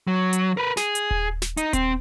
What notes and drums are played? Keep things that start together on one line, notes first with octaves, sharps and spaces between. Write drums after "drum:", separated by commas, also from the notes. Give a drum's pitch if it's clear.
F#3
drum: hi-hat
A#4 B4
G#4, drum: snare
drum: hi-hat
drum: kick D#1
drum: snare
D#4, drum: hi-hat
C4, drum: kick D#1, hi-hat